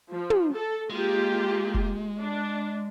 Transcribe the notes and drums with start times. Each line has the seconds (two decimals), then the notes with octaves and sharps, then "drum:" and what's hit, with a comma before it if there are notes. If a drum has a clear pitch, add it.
0.11 F3
0.30 drum: tom
0.54 A4
0.90 G#3 A#3 F4 G4
1.74 drum: kick
2.20 D4